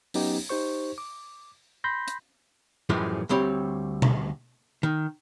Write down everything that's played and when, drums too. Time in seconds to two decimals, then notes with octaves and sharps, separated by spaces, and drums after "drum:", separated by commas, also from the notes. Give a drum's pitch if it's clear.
0.14 F#3 B3 C#4 D#4 G4, drum: open hi-hat
0.49 D#4 G4 C5 C#6
0.98 D6
1.84 B5 C6 G6 A#6 B6
2.08 drum: hi-hat
2.89 F#2 A2 E3 F3 G3 G#3
3.29 D2 G3 C4 C#5
4.02 drum: tom B2
4.83 D#3